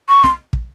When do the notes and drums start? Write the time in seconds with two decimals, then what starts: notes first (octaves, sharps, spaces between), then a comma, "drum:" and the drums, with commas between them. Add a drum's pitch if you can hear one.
0.09 C#6
0.24 C6, drum: snare
0.53 drum: kick